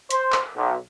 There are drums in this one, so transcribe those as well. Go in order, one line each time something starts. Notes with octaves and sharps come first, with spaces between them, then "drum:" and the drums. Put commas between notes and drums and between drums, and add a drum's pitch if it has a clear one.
C5, drum: hi-hat
drum: clap
B1